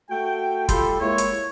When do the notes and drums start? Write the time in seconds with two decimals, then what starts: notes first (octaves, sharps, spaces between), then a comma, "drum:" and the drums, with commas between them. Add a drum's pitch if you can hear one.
0.10 A3 F#4 G5
0.69 G3 F4 A4 C6, drum: kick, hi-hat
1.01 G#3 A#3 E4 C#5
1.18 drum: hi-hat